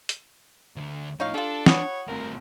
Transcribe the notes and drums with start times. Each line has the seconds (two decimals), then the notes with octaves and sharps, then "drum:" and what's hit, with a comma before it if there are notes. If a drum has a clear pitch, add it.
0.09 drum: hi-hat
0.76 D2 D3
1.20 A2 F3 D#4 C#5 F5
1.34 D4 F4 G4 A4
1.66 C#5 F#5 B5 D#6, drum: snare
2.08 G1 A2 C4 A#4 F7